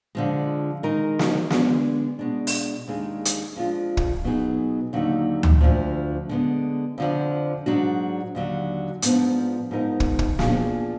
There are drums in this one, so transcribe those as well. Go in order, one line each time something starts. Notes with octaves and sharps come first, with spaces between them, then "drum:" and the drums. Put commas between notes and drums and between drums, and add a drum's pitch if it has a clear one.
D3 F3 G#3
D#3 G#3 D#4 A#4
drum: snare
D3 G#3 B3 D4, drum: snare
B2 G#3 D4
drum: open hi-hat
D#2 D#3 G#3 D4 G#4
drum: hi-hat
F2 F3 G#3 D4 F4
drum: kick
B2 F#3 B3 D#4 G#4
D#2 D3 F#3 A#3 D#4
drum: tom D2
D2 D3 F3
D3 G#3 B3
F2 D3 F3
G#2 F#3 D4 F#4
D#2 D3 F#3
G#2 F3 B3 D4, drum: hi-hat
G#2 F3 B3 D#4 A#4
drum: kick
drum: kick
A#2 F3 B3 D4 G#4, drum: snare